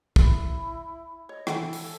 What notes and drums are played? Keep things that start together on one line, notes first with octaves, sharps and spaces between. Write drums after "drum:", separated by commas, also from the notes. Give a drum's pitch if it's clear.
E4, drum: kick
C#5 D#5
E3 A4 F#5 G5, drum: rim click
drum: open hi-hat